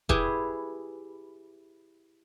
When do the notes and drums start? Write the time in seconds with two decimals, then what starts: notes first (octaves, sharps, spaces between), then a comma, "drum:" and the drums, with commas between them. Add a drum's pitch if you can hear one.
0.09 E4 G4 G#4 B4, drum: kick E1